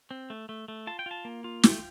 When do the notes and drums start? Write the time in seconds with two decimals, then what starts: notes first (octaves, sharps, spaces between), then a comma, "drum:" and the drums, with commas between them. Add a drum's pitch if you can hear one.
0.11 C4
0.30 A3
0.49 A3
0.68 A3
0.87 F4 A5
0.99 G5
1.06 F4 A5
1.25 A#3
1.44 F4
1.63 A3 G5, drum: snare